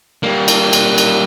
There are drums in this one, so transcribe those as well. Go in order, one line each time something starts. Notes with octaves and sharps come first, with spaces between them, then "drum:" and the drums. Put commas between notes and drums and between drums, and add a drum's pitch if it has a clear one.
G3 A#3
drum: cymbal
drum: cymbal
drum: cymbal